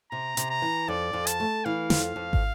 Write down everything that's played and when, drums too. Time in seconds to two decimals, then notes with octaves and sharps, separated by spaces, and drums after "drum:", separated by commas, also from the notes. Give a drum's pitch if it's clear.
0.11 C3 A#5
0.37 C3, drum: hi-hat
0.50 A#5
0.62 E3
0.88 F2 D5
1.13 F2
1.27 A5, drum: hi-hat
1.40 A3
1.65 E3 F5
1.90 F2, drum: snare
2.04 F5
2.16 F2
2.33 drum: kick